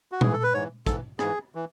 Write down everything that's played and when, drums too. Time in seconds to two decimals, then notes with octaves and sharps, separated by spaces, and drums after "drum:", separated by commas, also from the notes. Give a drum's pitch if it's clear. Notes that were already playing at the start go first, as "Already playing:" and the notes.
0.12 F#4
0.21 G#2 E3 G#4, drum: tom A#2
0.33 A4
0.43 B4
0.54 G#2 E3 C#5
0.86 G#2 E3 A4, drum: kick, hi-hat
1.19 G#2 E3 G#4, drum: rim click
1.55 E3